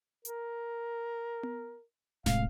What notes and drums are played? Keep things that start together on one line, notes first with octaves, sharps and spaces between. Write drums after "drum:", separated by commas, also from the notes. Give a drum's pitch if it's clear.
A#4, drum: hi-hat
drum: tom B3
A2 C3 G#3 F5, drum: snare D1